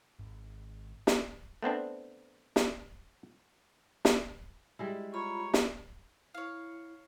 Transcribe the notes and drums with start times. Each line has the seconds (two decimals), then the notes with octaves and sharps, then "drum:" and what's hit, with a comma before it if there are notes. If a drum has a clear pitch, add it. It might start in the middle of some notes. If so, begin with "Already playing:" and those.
0.19 G#1
1.07 drum: snare
1.63 A3 B3 C4 D4
2.56 drum: snare
4.05 drum: snare
4.79 G3 G#3 E4
5.14 F4 C#5 A#5 B5
5.54 drum: snare
6.34 E4 C#5 F5